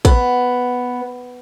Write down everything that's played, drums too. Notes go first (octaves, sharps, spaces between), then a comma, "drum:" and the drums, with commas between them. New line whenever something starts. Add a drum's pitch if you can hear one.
B3, drum: kick